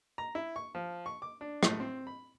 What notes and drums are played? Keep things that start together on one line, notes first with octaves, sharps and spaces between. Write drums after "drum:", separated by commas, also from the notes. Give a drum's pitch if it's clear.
A#5
E4
C#6
F3
C#6
D6
D4
A2, drum: rim click
C4
B5